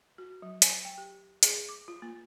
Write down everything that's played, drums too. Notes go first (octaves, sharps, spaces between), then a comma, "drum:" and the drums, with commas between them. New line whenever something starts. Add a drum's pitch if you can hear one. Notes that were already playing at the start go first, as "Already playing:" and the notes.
F#4
F#3
G#5, drum: hi-hat
G5
G4
G#4, drum: hi-hat
D6
F4
A#3